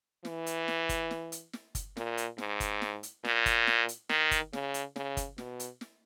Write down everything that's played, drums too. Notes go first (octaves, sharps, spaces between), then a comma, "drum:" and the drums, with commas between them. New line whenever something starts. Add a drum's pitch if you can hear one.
E3, drum: snare
drum: hi-hat
drum: snare
drum: kick, hi-hat
drum: snare
drum: hi-hat
drum: snare
drum: kick, hi-hat
A#2, drum: snare
drum: hi-hat
G#2, drum: snare
drum: kick, hi-hat
drum: snare
drum: hi-hat
A#2, drum: snare
drum: kick, hi-hat
drum: snare
drum: hi-hat
D#3, drum: snare
drum: kick, hi-hat
C#3, drum: snare
drum: hi-hat
C#3, drum: snare
drum: kick, hi-hat
B2, drum: snare
drum: hi-hat
drum: snare